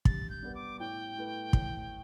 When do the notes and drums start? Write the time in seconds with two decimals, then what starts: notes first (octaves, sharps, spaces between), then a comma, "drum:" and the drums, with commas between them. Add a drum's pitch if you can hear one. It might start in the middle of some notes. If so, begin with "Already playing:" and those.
0.05 G2 A6, drum: kick
0.30 G6
0.43 G3 B3
0.55 D6
0.79 A2 G5
1.17 A3 E4 B4
1.53 A2, drum: kick